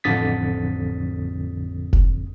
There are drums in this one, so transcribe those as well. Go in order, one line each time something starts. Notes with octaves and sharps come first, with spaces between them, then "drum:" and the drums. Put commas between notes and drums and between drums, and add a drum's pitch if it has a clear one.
A1 F2 D3 D#6 A6 B6
drum: kick F1